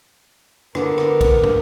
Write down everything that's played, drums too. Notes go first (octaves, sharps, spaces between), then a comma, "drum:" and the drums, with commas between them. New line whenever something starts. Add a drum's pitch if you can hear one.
D3 B3 A#4, drum: rim click
drum: rim click
drum: kick, cymbal
drum: tom